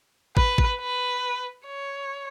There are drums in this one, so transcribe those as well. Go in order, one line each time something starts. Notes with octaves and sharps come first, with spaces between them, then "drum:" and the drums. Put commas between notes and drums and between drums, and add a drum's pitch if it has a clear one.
B4, drum: kick
drum: kick
B4
C#5